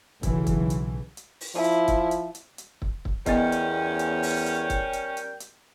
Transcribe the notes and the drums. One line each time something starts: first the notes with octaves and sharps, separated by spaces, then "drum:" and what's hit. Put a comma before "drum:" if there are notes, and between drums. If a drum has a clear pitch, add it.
B1 C#3 E3, drum: kick, hi-hat
drum: kick, hi-hat
drum: hi-hat
drum: hi-hat
drum: open hi-hat
F3 E4
drum: hi-hat
drum: kick, hi-hat
drum: hi-hat
drum: hi-hat
drum: hi-hat
drum: kick
drum: kick
E2 G3 B3 C#4 A#4 D#5 G5, drum: kick, hi-hat
drum: hi-hat
drum: hi-hat
drum: open hi-hat
drum: hi-hat
drum: kick, hi-hat
drum: hi-hat
drum: hi-hat
drum: hi-hat